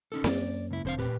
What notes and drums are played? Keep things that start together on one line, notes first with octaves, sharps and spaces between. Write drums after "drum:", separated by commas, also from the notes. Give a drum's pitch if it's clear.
C#4 D#4 A4
F#2 A#3 C#4 D5, drum: snare C4
C#2 E4
E1 D3 C4 C5 F5
A#2 G4 B4